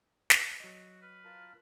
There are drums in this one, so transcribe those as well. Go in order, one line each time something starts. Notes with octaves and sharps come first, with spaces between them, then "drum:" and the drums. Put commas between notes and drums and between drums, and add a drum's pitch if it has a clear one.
drum: snare
F#3 F#4 D#5
B4 F6
F4 A#4 A5